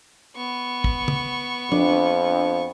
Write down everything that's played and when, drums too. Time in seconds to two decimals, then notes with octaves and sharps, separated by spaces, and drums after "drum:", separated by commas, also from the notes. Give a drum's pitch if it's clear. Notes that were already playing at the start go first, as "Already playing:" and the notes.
0.37 B3 C#6
0.84 drum: kick
1.08 drum: tom
1.72 F2 D4, drum: tom